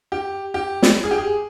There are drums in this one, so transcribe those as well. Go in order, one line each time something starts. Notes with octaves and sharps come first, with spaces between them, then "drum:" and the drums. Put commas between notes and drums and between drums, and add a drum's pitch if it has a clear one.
G4
G4
drum: snare
G#4
G4
G#4